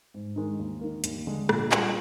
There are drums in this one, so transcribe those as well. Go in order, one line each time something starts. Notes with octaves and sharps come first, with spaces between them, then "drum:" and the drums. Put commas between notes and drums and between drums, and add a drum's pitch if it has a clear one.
G#2
D#3 G#3 D#4
D#2
D#3 A#3
D#2, drum: hi-hat
D3 G#3
A#2, drum: rim click
G3 A#3 F4 G#4, drum: clap